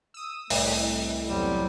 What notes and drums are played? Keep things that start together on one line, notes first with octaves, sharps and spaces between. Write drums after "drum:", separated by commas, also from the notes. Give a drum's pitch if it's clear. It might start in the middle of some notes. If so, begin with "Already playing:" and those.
D#6 E6
C2 A2 A3, drum: open hi-hat
E2 F#3 G3 C4